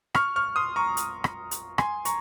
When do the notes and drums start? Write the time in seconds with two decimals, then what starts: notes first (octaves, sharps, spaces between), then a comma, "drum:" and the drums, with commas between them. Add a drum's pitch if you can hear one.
0.15 C#6 F6, drum: rim click
0.36 C#6 F6
0.56 C6 D#6
0.76 A#5 C#6
0.97 drum: hi-hat
1.24 drum: rim click
1.51 drum: hi-hat
1.78 G#5 C6, drum: rim click
2.05 A#5 C#6, drum: hi-hat